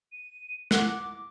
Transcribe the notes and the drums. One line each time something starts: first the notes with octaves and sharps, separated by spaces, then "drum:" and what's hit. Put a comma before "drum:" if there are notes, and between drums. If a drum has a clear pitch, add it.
D#7
F#5 D6, drum: snare